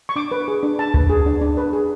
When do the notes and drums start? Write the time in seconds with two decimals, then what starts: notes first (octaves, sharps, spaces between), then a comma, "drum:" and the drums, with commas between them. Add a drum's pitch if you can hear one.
0.09 C#6
0.16 D4 D6
0.32 B4
0.48 G#4
0.63 D4
0.79 D4 A5
0.94 B4, drum: kick C#2
1.10 G#4
1.26 D4
1.42 D4
1.57 B4
1.73 G#4